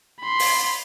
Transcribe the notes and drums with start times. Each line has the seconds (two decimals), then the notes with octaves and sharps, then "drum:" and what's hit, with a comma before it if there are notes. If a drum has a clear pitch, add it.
0.20 B5 C6
0.39 drum: open hi-hat